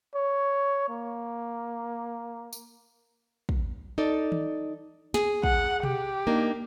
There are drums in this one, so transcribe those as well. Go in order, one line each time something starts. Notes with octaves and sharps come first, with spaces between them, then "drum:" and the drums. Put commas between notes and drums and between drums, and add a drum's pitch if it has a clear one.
C#5
A#3
drum: tambourine
drum: kick
D#4 A4 D5
drum: tom D#3
G#4, drum: snare
F#5, drum: kick
G4, drum: tom B2
A#3 D4 D#4